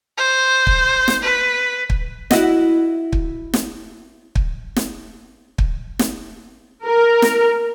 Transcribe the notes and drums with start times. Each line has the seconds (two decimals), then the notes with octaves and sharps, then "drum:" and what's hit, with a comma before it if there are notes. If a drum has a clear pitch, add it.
0.17 C5
0.67 drum: kick
1.08 drum: snare
1.22 B4
1.90 drum: kick
2.31 E4 F#4 D#5, drum: snare
3.13 drum: kick
3.54 drum: snare
4.35 drum: kick
4.76 drum: snare
5.58 drum: kick
5.99 drum: snare
6.85 A#4
7.22 drum: snare